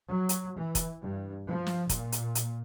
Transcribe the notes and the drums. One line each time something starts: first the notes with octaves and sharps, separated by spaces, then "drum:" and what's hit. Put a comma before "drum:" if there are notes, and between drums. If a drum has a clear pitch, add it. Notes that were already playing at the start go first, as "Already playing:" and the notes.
F#3
drum: hi-hat
E3
drum: kick F1, hi-hat
G2
F3
drum: snare
A#2, drum: kick F1, hi-hat
drum: hi-hat
drum: hi-hat